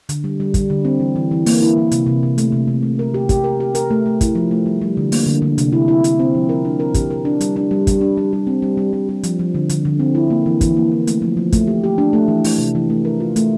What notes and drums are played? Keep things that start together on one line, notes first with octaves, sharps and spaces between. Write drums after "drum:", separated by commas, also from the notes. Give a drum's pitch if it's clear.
D3, drum: hi-hat
G3
G3
G3, drum: kick, hi-hat
D3
C4
E3
E3
E3
A#3, drum: open hi-hat
E4
E3
C3, drum: hi-hat
C3
C3
A3, drum: hi-hat
C3
C3
A3
A#4
G4
G4, drum: kick, hi-hat
A#4
G4
A#4, drum: hi-hat
A3
A3
E4, drum: kick, hi-hat
F3
A3
G3
G3
D3
A#3, drum: open hi-hat
D3
D3
C3, drum: hi-hat
E4
E4
E4, drum: hi-hat
C4
F3
A#4
D4
A#4
G4, drum: kick, hi-hat
A#4
D4
G3, drum: hi-hat
D4
G3
G3, drum: kick, hi-hat
D4
G3
G3
C4
G3
G3
G3
G3
F3, drum: hi-hat
F3
D3
D3, drum: hi-hat
D3
C4
E4
A#3
E3
E3, drum: kick, hi-hat
A#3
E3
A3, drum: hi-hat
F3
F3
A3, drum: kick, hi-hat
G4
G4
D4
A3
E3
A3, drum: open hi-hat
C3
E3
A3
A#4
F4
A3, drum: hi-hat